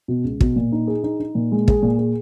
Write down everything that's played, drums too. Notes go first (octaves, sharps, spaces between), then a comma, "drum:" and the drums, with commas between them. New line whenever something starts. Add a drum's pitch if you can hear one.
B2
C#2
B2, drum: kick
A#2
D#4
G#4
D#4
D#4
A#2
G#3
G#4, drum: kick
A#2
G#4